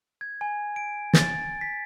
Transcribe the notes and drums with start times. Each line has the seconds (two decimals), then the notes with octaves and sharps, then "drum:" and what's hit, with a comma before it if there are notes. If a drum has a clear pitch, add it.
0.21 G#6
0.41 G#5
0.76 D7
1.13 A6, drum: snare
1.61 B6